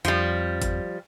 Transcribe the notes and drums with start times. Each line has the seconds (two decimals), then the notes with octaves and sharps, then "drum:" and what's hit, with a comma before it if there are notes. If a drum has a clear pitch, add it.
0.05 F2 F3 G3, drum: hi-hat
0.62 drum: kick, hi-hat